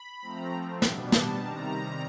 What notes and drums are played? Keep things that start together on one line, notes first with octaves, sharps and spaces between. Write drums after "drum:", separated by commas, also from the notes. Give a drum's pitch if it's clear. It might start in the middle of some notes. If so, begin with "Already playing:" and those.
Already playing: B5
F3 A3 C4 A#5
B2 G3 B3 D4, drum: snare
A5, drum: snare
C3 D#3 G3 A#5